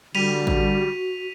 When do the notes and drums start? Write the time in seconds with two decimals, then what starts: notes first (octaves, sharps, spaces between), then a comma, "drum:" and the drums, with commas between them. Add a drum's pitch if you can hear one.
0.15 D3 G3 F#4 B6 D#7 F7, drum: cymbal
0.47 drum: kick A1